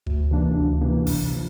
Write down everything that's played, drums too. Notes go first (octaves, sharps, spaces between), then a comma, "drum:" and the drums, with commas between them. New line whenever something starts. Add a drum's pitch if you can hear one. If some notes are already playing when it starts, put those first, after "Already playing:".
D2, drum: kick E1
C3 E3 A#3 D4
D2
C3 E3 A#3 D4
C3, drum: kick E1, open hi-hat
F3